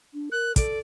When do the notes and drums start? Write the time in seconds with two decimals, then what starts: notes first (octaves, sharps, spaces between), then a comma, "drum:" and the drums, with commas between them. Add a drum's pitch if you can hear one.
0.14 D4
0.32 A#4 F#6
0.56 A4 D5, drum: kick, hi-hat